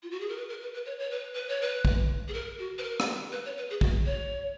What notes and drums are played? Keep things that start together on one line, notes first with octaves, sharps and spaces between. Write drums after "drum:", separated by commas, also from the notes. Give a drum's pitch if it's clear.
F4
F#4
G#4
A#4
B4
A#4
B4
B4
C#5
C#5
B4
B4
C#5
B4
drum: kick
G#4
A#4
F#4
B4
A#4
drum: rim click
B4
C#5
B4
G#4
F#4, drum: kick
C#5